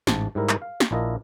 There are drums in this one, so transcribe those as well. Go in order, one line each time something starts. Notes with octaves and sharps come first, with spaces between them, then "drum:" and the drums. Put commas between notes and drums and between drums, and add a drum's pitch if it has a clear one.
A1 G#2 A5, drum: snare
G#2 G3 E4 A#4
drum: clap
F5
drum: snare
A#1 D4 E4 F4 A#4 D#5